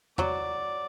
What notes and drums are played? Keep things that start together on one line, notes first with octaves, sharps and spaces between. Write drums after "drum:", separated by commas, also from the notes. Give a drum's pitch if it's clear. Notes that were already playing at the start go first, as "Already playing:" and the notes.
F#3 D5, drum: tom E2